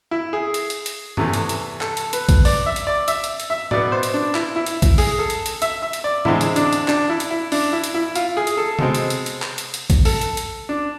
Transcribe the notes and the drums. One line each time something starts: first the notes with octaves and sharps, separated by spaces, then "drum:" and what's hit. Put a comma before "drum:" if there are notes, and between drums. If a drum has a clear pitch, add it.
E4
G#4
drum: hi-hat
drum: hi-hat
drum: hi-hat
E2 C3 E3 A3, drum: tom G2
drum: hi-hat
drum: hi-hat
A4, drum: clap
drum: hi-hat
B4, drum: hi-hat
drum: kick, hi-hat
D5, drum: open hi-hat
E5
drum: hi-hat
D5
E5, drum: hi-hat
drum: hi-hat
drum: hi-hat
E5
B2 B3 D5, drum: tom A2
C5
drum: hi-hat
D4
E4, drum: clap
E4
drum: hi-hat
drum: kick, hi-hat
G#4, drum: open hi-hat
A4
drum: hi-hat
drum: hi-hat
E5, drum: hi-hat
E5
drum: hi-hat
D5
E2 D3 G#3 C4 E4, drum: tom A2
drum: hi-hat
D4, drum: hi-hat
drum: hi-hat
D4, drum: clap
E4
drum: hi-hat
E4
D4, drum: open hi-hat
E4
drum: hi-hat
E4
F4, drum: hi-hat
G#4
drum: hi-hat
A4
B2 G#3 C4, drum: tom C3
drum: hi-hat
drum: hi-hat
drum: hi-hat
drum: clap
drum: hi-hat
drum: hi-hat
drum: kick, hi-hat
A4, drum: open hi-hat
drum: hi-hat
drum: hi-hat
D4